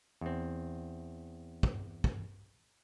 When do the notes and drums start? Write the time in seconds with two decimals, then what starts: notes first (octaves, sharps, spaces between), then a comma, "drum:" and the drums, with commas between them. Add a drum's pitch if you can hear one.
0.21 E2 C4
1.63 drum: kick
2.04 drum: kick